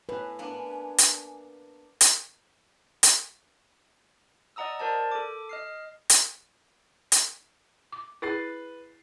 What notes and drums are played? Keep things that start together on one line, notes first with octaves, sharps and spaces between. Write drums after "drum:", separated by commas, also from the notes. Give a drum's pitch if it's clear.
A2 B4 G#5
A#3 B3 D4
drum: hi-hat
drum: hi-hat
drum: hi-hat
D5 D#5 F#5 A#5 D#6 E6
A#4 C5 D5 A5
A4 D6
D#5 F6 C7
drum: hi-hat
drum: hi-hat
D6
E4 G#4 B4 A6 C7